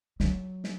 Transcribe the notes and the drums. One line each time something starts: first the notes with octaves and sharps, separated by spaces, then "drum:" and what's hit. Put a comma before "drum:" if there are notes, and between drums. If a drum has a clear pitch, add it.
F#3, drum: snare
drum: snare